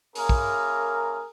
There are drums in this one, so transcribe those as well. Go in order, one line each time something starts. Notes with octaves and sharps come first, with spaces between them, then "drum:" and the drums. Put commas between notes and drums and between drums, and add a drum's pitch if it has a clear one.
A#3 C#4 E4 G#4 A#4, drum: open hi-hat
drum: kick